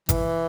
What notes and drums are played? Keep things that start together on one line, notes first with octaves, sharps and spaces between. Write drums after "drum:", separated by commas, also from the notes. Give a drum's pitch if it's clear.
E3, drum: kick G#1, hi-hat